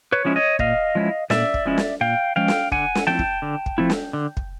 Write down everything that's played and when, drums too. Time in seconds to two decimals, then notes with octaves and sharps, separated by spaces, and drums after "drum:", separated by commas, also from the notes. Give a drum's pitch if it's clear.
0.12 B4 C#5
0.25 F3 G#3 C#4 E4
0.36 C#5 D#5
0.59 A#2 D#5 F5, drum: kick
0.95 F3 G#3 C#4 E4
1.30 A#2 D5 E5, drum: snare
1.54 drum: kick
1.66 F3 G#3 C#4 E4
1.78 drum: snare
2.01 A#2 F5 G5
2.36 F3 G#3 C#4 F5 G5
2.48 drum: snare
2.72 D3 F#5 G#5, drum: kick
2.95 drum: snare
3.07 F3 A3 C4 E4 G5 A5
3.19 drum: kick
3.42 D3
3.66 drum: kick
3.78 F3 A3 C4 E4
3.90 drum: snare
4.13 D3
4.37 drum: kick